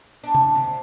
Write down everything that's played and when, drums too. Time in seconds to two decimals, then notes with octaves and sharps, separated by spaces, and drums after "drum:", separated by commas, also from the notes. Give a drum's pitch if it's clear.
0.24 D4
0.35 drum: tom C3
0.55 C3